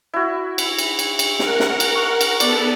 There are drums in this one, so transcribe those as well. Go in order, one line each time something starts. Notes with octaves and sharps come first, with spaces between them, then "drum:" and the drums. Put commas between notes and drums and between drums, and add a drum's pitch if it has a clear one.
E4 F#4
drum: cymbal
drum: cymbal
drum: cymbal
drum: cymbal
A#4 F#5, drum: snare
drum: snare
drum: cymbal
C#6
drum: cymbal
B3 A4 D5, drum: cymbal